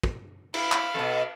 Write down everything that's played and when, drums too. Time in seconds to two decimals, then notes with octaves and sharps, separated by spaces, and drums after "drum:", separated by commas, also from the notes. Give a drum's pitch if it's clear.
0.03 drum: kick
0.54 E4 F5 B5, drum: cymbal
0.72 drum: clap
0.95 F2 B2 A4